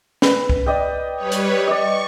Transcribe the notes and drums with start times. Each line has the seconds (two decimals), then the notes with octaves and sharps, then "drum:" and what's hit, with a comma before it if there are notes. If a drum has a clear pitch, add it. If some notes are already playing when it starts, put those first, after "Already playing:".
0.22 B4, drum: snare
0.50 drum: kick C2
0.66 D5 D#5 G5
1.16 G3 B4 C#5
1.32 drum: hi-hat
1.68 D5 D#5 C#6